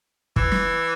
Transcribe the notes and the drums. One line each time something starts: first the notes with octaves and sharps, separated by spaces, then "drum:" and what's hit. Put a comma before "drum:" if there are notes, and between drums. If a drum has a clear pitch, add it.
E3, drum: kick
drum: snare